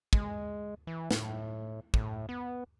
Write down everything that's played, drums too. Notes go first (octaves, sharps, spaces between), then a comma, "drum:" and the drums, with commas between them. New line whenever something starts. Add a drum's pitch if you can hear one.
G#3, drum: kick
E3
A2, drum: snare
A2, drum: kick
B3